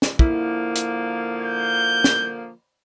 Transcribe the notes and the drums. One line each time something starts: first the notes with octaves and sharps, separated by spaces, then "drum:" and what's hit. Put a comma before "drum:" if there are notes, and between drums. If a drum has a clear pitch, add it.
drum: snare
D3 F3 A#3 E4, drum: kick
drum: hi-hat
G6
drum: snare